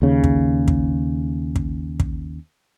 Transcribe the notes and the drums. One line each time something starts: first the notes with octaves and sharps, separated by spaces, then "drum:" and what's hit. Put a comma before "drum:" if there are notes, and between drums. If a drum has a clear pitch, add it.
D#2 C#3
drum: kick
drum: kick
drum: kick
drum: kick